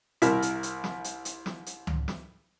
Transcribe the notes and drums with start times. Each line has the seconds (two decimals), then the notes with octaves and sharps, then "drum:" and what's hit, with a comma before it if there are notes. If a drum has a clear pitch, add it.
0.22 C2 E4 A#4 E5, drum: hi-hat
0.42 drum: hi-hat
0.63 drum: hi-hat
0.84 drum: snare
1.04 drum: hi-hat
1.25 drum: hi-hat
1.46 drum: snare
1.66 drum: hi-hat
1.87 drum: tom C#2
2.08 drum: snare